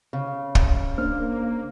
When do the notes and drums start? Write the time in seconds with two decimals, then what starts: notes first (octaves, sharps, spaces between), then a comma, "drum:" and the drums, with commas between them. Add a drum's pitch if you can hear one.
0.13 C#3
0.55 drum: kick
0.98 A#3 D4 C5 F6